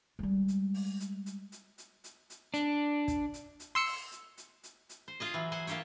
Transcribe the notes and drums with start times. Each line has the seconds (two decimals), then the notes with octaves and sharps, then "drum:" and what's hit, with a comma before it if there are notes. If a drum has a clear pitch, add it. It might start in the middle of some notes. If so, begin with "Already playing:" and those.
0.19 G3 G#3
0.48 drum: hi-hat
0.74 drum: open hi-hat
1.00 drum: hi-hat
1.26 drum: hi-hat
1.52 drum: hi-hat
1.78 drum: hi-hat
2.04 drum: hi-hat
2.30 drum: hi-hat
2.54 D4, drum: hi-hat
3.08 drum: kick, hi-hat
3.34 drum: hi-hat
3.60 drum: hi-hat
3.75 C6 E6 C#7
3.86 drum: open hi-hat
4.12 drum: hi-hat
4.38 drum: hi-hat
4.63 drum: hi-hat
4.89 drum: hi-hat
5.08 C5
5.20 F4 G#4 D#5
5.34 E3 F#3
5.52 C5 F#5 G#5
5.67 A#3 F4 G4 C5 C#5, drum: hi-hat